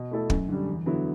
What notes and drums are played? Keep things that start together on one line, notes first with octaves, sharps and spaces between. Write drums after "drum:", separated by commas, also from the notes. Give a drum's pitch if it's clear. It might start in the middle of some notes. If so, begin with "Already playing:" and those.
Already playing: B2
A3 E4 A4
F#2, drum: kick
D3 G3
E2
D3 F#3 B3 E4